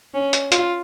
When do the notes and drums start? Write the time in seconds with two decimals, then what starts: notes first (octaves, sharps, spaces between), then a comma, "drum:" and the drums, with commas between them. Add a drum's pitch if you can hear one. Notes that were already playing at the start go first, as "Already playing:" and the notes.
0.14 C#4
0.33 drum: hi-hat
0.52 F4, drum: hi-hat